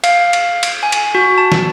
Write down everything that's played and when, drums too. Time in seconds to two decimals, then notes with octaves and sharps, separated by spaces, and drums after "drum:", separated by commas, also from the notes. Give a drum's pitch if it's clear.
0.04 F5, drum: cymbal
0.33 drum: cymbal
0.63 drum: cymbal
0.83 G#5
0.92 drum: cymbal
1.15 F#4
1.38 A5
1.52 drum: snare